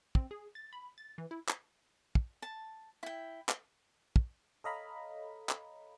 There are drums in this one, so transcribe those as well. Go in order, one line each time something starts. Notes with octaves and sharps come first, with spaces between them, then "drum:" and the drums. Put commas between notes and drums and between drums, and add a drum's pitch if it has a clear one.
C4, drum: kick
G#4
A6
B5
A6
E3
E4
drum: clap
drum: kick
A5
E4 G5
drum: clap
drum: kick
A4 C#5 D#5 F5 A#5 B5
drum: clap